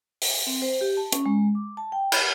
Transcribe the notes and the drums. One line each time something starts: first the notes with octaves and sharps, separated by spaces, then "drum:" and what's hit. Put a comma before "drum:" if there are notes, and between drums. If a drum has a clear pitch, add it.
drum: open hi-hat
C4
C5
G4
A5
C#4, drum: hi-hat
G#3
D6
A5
G5
B5, drum: cymbal